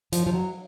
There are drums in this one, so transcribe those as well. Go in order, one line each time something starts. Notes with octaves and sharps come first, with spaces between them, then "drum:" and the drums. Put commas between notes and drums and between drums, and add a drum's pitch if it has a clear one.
F3, drum: hi-hat
F3
F#3